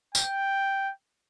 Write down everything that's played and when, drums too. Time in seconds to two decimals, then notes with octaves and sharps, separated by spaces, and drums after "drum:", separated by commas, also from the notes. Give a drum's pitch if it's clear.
0.15 G5, drum: tambourine